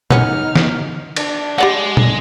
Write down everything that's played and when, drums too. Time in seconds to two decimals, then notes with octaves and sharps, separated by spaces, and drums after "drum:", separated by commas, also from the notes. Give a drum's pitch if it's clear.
0.10 B3 C#4 D#4 F6, drum: tom
0.56 drum: snare
1.16 D4, drum: cymbal
1.58 G#3 G4 D5 F#5
1.97 drum: tom